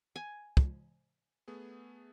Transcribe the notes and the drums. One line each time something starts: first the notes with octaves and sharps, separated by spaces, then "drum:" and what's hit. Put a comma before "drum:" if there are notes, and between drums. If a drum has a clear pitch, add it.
G#5
drum: kick
A3 B3 G#4